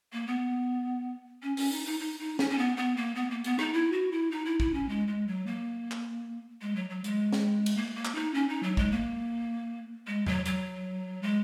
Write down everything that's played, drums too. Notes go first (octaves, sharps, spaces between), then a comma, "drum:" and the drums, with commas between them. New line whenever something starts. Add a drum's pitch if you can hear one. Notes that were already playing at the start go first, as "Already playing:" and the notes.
A#3
B3
C#4
C#4, drum: open hi-hat
D#4
D#4
D#4
D#4
C#4, drum: snare
C#4
B3
B3
A#3
B3
A#3
B3, drum: hi-hat
D#4, drum: rim click
E4
F#4
E4
D#4
E4
E4, drum: kick
C#4
G#3
G#3
F#3
A#3
drum: clap
G#3
F#3
F#3
G#3, drum: hi-hat
drum: snare
drum: cymbal
A#3
A#3
drum: clap
D#4
C#4
D#4
F#3
G#3, drum: kick
A#3
G#3
F#3, drum: tom E2
F#3, drum: hi-hat
G#3